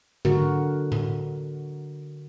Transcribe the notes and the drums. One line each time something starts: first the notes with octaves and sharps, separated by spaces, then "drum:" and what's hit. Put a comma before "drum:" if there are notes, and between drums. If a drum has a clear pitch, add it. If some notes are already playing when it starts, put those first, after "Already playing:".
D3 F#4 A#4, drum: tom G#2
drum: tom A2